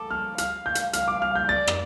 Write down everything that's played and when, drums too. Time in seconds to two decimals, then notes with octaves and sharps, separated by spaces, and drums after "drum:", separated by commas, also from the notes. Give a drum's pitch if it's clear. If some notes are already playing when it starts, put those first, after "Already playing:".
Already playing: A4 D6
0.11 F6
0.38 F5 F6, drum: hi-hat
0.66 G6
0.75 drum: hi-hat
0.93 F5 F6, drum: hi-hat
1.08 D6
1.22 F6
1.35 G6
1.49 D5 A6
1.67 drum: rim click